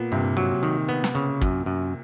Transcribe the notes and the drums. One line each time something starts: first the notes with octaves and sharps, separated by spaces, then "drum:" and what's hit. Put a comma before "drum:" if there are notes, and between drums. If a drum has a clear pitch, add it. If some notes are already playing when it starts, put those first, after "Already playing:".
Already playing: A#2 B3
G2 C3
F#3
D#3
B3
drum: snare
C#3
F#2, drum: kick
F#2